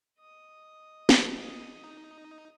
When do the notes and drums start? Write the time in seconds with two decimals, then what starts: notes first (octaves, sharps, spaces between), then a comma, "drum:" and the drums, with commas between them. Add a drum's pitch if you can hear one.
0.20 D#5 D#6
1.09 drum: snare
1.84 D#4